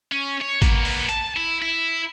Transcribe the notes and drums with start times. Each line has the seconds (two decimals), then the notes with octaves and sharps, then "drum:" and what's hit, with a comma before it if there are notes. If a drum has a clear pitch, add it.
0.12 C#4
0.42 C#5
0.62 A#3 B3, drum: kick G#1, hi-hat
0.85 drum: open hi-hat
1.09 A5, drum: hi-hat
1.36 E4
1.62 E4